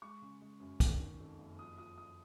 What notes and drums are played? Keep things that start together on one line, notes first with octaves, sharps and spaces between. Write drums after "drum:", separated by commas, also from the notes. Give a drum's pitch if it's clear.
G#3 C#6
C#3
G#3
F#2
A#3, drum: kick, hi-hat
D#3
F2
F#1
F3 D#6
F3 D#6
F3 D#6